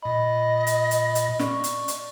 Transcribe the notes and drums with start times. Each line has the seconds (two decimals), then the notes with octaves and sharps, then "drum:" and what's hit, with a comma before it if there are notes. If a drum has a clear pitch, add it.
0.03 A#2 D#5 B5
0.67 drum: hi-hat
0.91 drum: hi-hat
1.15 drum: hi-hat
1.39 D5 C#6, drum: snare
1.64 drum: hi-hat
1.88 drum: hi-hat